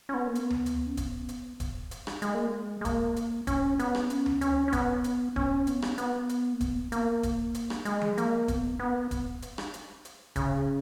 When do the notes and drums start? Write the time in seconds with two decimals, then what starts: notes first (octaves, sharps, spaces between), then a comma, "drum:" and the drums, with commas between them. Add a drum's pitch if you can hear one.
0.09 C#4
0.14 B3
0.27 A#3
0.35 B3, drum: hi-hat
0.50 drum: tom D2
0.66 drum: hi-hat
0.86 C#4
0.97 B3, drum: kick D#1, hi-hat
1.29 drum: hi-hat
1.60 drum: kick D#1, hi-hat
1.91 drum: hi-hat
2.07 drum: rim click
2.22 G#3, drum: hi-hat
2.35 A#3
2.47 G#3
2.81 G#3
2.85 A#3, drum: kick D#1, hi-hat
3.16 drum: hi-hat
3.47 C#4, drum: kick D#1, hi-hat
3.79 B3, drum: hi-hat
3.95 drum: rim click
4.10 C#4, drum: hi-hat
4.26 drum: tom D2
4.41 C#4, drum: hi-hat
4.68 C#4
4.73 B3, drum: kick D#1, hi-hat
5.04 drum: hi-hat
5.36 C#4, drum: kick D#1
5.67 B3, drum: hi-hat
5.82 drum: rim click
5.98 B3, drum: hi-hat
6.29 drum: hi-hat
6.52 A#3
6.61 B3, drum: kick D#1, hi-hat
6.92 A#3, drum: hi-hat
7.23 drum: kick D#1, hi-hat
7.55 drum: hi-hat
7.70 drum: rim click
7.85 G#3, drum: hi-hat
8.01 drum: tom F3
8.18 A#3, drum: hi-hat
8.48 B3, drum: kick D#1, hi-hat
8.79 B3
9.11 drum: kick D#1, hi-hat
9.42 drum: hi-hat
9.58 drum: rim click
9.74 drum: hi-hat
10.05 drum: hi-hat
10.36 C#3, drum: kick D#1, hi-hat